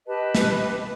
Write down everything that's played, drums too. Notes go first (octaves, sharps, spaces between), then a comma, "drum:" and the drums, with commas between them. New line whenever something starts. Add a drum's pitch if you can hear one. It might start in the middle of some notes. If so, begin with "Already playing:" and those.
G4 B4 D#5 A5
drum: snare